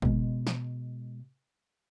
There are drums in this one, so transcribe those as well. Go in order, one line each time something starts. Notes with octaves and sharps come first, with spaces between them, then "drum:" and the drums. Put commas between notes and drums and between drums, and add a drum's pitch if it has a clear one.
B2 G#3, drum: kick
drum: snare